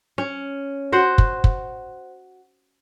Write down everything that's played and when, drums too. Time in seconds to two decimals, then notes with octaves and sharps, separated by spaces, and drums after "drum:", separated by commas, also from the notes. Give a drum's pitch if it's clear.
0.18 C#4
0.92 F#4 C5 F#5
1.18 drum: kick
1.44 drum: kick